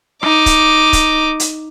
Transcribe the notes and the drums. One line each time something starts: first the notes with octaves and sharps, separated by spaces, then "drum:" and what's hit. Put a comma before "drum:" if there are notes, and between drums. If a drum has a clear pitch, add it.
D#4 D6, drum: rim click
drum: kick C#1, hi-hat
drum: kick C#1, hi-hat
drum: hi-hat